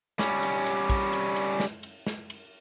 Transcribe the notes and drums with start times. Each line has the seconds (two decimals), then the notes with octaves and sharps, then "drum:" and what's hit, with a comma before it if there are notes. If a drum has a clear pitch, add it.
0.19 G3 C#4, drum: snare
0.43 drum: cymbal
0.66 drum: cymbal
0.90 drum: kick, cymbal
1.13 drum: cymbal
1.36 drum: cymbal
1.60 drum: snare
1.83 drum: cymbal
2.07 drum: snare
2.30 drum: cymbal